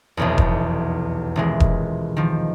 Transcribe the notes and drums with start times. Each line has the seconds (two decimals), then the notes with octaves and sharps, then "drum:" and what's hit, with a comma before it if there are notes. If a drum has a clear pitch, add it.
0.17 F1 B1 E2
0.38 drum: kick E1
1.36 D#1 E3 G#3
1.60 drum: kick E1
2.17 D#3 F3